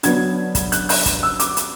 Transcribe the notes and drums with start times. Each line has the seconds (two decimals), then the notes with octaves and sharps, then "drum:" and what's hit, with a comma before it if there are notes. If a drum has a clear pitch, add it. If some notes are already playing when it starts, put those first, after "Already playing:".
0.03 D3 F#3 B3 G#6, drum: hi-hat
0.55 drum: kick, hi-hat
0.72 F#6, drum: hi-hat
0.89 F#6, drum: open hi-hat
1.06 drum: kick, hi-hat
1.23 E6
1.40 D6, drum: hi-hat
1.57 drum: hi-hat